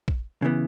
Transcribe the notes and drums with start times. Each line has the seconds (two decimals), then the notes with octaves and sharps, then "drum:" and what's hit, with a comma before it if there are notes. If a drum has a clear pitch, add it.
0.08 drum: kick
0.42 C#3 E3 B3